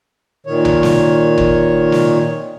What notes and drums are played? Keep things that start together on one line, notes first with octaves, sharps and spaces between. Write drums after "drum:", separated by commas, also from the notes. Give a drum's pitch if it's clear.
A#2 D#3 C#5
drum: tom B1
drum: snare
drum: kick F#1
drum: snare